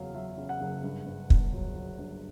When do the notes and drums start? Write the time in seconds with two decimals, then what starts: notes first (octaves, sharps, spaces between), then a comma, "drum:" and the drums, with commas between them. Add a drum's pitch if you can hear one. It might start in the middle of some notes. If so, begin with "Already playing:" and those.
Already playing: F#1 E2 F#3 F5
0.15 F#3 E5
0.38 C#3
0.49 F#5
0.61 F#1
0.84 G2
1.06 G2
1.30 G1, drum: kick
1.53 F#3
1.76 F#3
1.99 G2